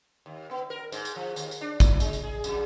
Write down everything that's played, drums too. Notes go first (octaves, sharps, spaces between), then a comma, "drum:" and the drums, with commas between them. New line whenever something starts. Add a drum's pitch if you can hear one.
D#2
B3
A#4
G#2, drum: tambourine
drum: tambourine
F3
D#2, drum: tambourine
drum: tambourine
D4
E4, drum: kick A1, tambourine
G#3, drum: tambourine
drum: tambourine
G#4
F2, drum: tambourine